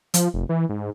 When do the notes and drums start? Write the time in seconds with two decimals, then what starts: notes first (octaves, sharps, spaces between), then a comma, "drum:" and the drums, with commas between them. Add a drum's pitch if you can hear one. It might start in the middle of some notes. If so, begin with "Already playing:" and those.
0.14 F3, drum: hi-hat
0.34 F1
0.49 E3
0.69 G#2